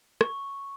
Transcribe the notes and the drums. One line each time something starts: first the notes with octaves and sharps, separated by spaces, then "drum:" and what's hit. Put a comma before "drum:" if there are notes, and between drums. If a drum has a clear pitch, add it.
C#6, drum: rim click